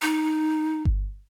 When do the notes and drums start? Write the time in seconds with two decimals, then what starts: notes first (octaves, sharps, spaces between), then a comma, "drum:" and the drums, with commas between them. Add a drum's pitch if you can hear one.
0.02 D#4
0.85 drum: kick G1